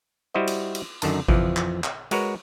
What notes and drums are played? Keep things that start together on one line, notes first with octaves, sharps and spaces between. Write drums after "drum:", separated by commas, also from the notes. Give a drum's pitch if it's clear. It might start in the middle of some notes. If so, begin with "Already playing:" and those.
G3 E4 F#4 C5 D#5
drum: cymbal
drum: cymbal
F#2 D3 D#3 A5, drum: cymbal
F2 E3 F3, drum: kick G#1
drum: clap
drum: clap
G#3 F#4 A#4 B4 C#5, drum: cymbal